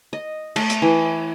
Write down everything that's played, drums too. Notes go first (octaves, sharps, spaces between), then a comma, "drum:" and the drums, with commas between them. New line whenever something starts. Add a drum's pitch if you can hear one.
D#5
A3, drum: cymbal
drum: hi-hat
E3